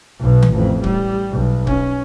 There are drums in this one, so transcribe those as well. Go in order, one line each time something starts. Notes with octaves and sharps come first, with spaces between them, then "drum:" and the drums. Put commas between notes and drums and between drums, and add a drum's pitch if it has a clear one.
B1 B2
drum: tom D#3
A1 F2
G3, drum: kick C#1
B1
C#4, drum: kick C#1